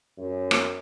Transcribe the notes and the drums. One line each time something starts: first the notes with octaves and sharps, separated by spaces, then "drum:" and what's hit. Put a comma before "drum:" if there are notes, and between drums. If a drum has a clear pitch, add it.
F#2
drum: rim click